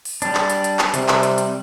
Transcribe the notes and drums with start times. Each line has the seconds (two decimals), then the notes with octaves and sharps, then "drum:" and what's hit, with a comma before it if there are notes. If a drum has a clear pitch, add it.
0.05 drum: open hi-hat
0.22 G3 D4, drum: hi-hat
0.35 drum: clap
0.50 drum: hi-hat
0.64 drum: hi-hat
0.79 drum: clap
0.94 C3 G3, drum: hi-hat
1.08 drum: clap
1.23 drum: hi-hat
1.38 drum: hi-hat